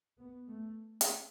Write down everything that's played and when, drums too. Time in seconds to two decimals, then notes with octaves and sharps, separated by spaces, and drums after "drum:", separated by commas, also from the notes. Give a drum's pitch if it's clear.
0.19 B3
0.47 A3
1.01 drum: hi-hat